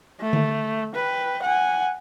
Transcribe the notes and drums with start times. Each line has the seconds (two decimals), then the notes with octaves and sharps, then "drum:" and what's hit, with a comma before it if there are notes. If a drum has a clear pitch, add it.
0.21 A3
0.33 drum: tom D3
0.95 B4 G5
1.43 F#5 G#5